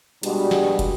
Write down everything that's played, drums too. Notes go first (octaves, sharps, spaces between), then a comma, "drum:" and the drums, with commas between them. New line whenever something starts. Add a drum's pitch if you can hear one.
B2 G3 G#3 D4 F#4 G4, drum: hi-hat
drum: snare
drum: kick, hi-hat